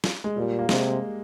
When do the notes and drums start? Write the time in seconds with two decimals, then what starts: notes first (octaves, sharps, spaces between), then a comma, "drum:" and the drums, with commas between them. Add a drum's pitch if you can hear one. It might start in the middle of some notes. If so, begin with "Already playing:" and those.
0.04 drum: snare
0.24 G#3
0.37 A#2 G3
0.59 A#3
0.69 C3 G#3, drum: snare